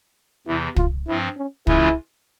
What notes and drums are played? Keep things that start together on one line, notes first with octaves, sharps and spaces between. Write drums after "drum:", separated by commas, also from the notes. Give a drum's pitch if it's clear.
E2 C3 E3 E4
F4, drum: kick
G2 F3 C4 E4
C#4
C#3 E3 G#3 C#4 E4 F4, drum: kick